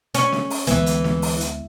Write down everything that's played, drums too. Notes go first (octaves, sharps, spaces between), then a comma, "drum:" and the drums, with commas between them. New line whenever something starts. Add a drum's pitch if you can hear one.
C#4, drum: hi-hat
drum: snare
drum: open hi-hat
D2 E3 G#3 B3, drum: hi-hat
drum: hi-hat
drum: snare
drum: open hi-hat
drum: hi-hat